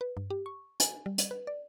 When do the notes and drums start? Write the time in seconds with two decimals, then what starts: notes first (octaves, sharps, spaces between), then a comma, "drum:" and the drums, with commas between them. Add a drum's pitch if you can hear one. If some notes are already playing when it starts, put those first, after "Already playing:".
0.01 B4
0.17 G2
0.30 G4
0.46 C#6
0.80 G#5, drum: hi-hat
1.06 G3
1.18 drum: hi-hat
1.31 B4
1.47 D5